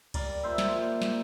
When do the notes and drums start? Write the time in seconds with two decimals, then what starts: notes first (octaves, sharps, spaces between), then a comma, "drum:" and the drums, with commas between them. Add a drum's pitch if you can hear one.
0.14 G3 A#4 D5, drum: kick C#2, cymbal
0.43 A#2 C5 E5
0.58 drum: snare
0.73 A#2
1.02 A#3, drum: snare